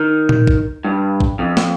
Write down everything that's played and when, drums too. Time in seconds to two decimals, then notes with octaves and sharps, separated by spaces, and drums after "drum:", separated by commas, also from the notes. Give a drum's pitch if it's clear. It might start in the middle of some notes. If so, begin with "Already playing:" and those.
Already playing: D#3
0.29 drum: tom A#2
0.47 drum: kick A#1
0.85 G2
1.20 drum: kick A#1
1.39 F2
1.57 drum: snare